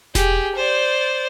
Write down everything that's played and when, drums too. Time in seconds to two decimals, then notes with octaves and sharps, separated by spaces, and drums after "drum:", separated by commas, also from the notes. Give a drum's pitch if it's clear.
0.15 G4 G#4, drum: snare E1
0.55 C5 D5